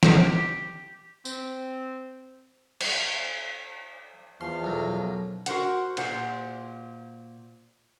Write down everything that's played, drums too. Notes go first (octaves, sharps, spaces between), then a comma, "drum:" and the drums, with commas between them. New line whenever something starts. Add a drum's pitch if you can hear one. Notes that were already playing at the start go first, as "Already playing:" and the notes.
G4, drum: snare
C4, drum: tambourine
C5, drum: cymbal
E2 F3 C6 F6
B1 F#2
F#4 A#4 C5 F#5, drum: hi-hat
A#2 C5 F#5, drum: cymbal